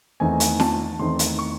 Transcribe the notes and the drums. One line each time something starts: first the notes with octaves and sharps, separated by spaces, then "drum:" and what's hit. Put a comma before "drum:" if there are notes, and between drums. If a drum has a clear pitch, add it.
E2 D#3 A3 C4 D#4 G#5
drum: hi-hat
A5, drum: snare
E2 D#3 A3 C4 D#4 C6
drum: hi-hat
C#6